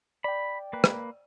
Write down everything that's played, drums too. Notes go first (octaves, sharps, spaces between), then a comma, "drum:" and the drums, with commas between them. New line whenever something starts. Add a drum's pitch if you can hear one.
D5 G5 B5
A#3 B4
drum: rim click